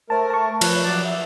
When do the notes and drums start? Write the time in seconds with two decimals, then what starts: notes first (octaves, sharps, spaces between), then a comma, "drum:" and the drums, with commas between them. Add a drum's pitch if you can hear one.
0.10 A3 A#4 C5 A5
0.30 A5 C#6
0.61 F3 B4 C#5, drum: cymbal
0.83 F#3 D5 A5
1.04 E5